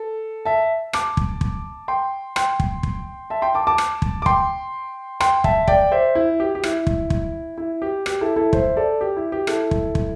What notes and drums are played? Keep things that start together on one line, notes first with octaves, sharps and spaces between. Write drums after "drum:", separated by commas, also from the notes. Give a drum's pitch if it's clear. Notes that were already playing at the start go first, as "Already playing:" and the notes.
Already playing: A4
E5 A5
A5 D6, drum: rim click
drum: kick
drum: kick
G5 C6
G5 C6, drum: rim click
drum: kick
drum: kick
E5 A5
G5 C6
A5 D6
A5 D6
drum: rim click
drum: kick
D6
G5 C6, drum: kick
G5 C6, drum: rim click
E5 A5, drum: kick
D5 G5, drum: kick
C5 E5
E4
G4
G4
E4, drum: rim click
drum: kick
drum: kick
E4
G4
G4, drum: rim click
E4 A4
E4 A4
C5 E5, drum: kick
A4 D5
G4
E4
G4
E4 A4, drum: rim click
drum: kick
drum: kick